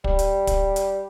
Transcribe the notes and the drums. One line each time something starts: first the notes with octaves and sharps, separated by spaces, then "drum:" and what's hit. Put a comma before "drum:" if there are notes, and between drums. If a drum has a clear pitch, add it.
G3, drum: kick
drum: hi-hat
drum: kick, hi-hat
drum: hi-hat